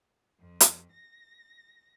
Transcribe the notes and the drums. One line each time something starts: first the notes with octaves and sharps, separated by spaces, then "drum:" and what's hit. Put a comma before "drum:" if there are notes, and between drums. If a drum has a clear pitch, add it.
F2
drum: hi-hat
A#6